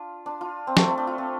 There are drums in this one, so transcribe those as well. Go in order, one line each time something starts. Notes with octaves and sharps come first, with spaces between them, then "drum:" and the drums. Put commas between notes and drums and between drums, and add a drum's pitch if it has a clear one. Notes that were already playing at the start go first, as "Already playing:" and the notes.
Already playing: D4 F4
D4
F4
C4
A3, drum: snare
A3
D4
F4
C4